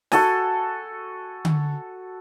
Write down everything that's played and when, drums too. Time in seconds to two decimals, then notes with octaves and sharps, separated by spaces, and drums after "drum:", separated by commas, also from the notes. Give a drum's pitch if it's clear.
0.12 F#4 A4 G#5, drum: snare
1.45 drum: tom D3